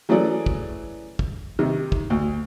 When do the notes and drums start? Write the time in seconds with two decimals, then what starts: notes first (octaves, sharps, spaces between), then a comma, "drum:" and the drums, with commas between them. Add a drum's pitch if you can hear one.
0.09 E3 F#3 A3 C#4 G#4 D5
0.46 drum: kick
1.19 drum: kick
1.59 C3 D#3
1.92 drum: kick
2.10 D2